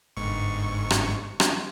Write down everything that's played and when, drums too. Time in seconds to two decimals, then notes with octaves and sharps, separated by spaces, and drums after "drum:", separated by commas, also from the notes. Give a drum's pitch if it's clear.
0.17 G1 G#2 C#6
0.90 drum: rim click
1.40 drum: rim click